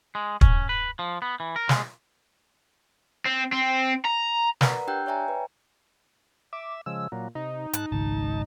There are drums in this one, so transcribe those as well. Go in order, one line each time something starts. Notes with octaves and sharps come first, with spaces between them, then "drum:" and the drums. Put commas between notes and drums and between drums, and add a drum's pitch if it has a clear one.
G#3
C#4, drum: kick
B4
F3
B3
E3
A#4
G#3, drum: snare
C4
C4
A#5
A#4 B4 D5 F#5 A#5, drum: snare
D4 G4 G5 E6 F#6 G6
C#5 D5 E5 G5 G#5 A#5
B4
E5 D6
C#3 F3 G#3 E6
A#2 F#3 A#3
C3 D#4
G#2 A5 F#6, drum: hi-hat
G#1 C#2 A5